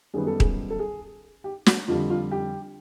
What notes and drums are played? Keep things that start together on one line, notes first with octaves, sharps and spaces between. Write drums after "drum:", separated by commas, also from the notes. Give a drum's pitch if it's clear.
F#2 D#3 G3 B3 G#4
A4
G#4, drum: kick D#1
A4
G#4
G4
F#4, drum: snare
F2 D3 G3 F4
F4
G4